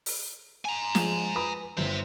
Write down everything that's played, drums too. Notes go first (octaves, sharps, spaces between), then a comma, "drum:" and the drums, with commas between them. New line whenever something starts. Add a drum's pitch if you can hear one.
drum: open hi-hat
G#5 A#5
F3 G#3, drum: snare
B4 B5 D#6
G1 C5 E5